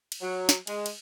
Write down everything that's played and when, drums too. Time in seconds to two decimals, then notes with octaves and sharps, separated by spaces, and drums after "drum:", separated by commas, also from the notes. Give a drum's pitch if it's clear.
0.12 drum: cymbal
0.22 F#3
0.49 drum: snare
0.67 G#3, drum: cymbal
0.86 drum: cymbal